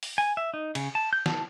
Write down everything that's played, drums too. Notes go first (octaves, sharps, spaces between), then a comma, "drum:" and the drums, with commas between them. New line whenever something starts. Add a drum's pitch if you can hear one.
drum: open hi-hat
G#5
E5
D#4
C#3, drum: cymbal
A5
G6
A5, drum: snare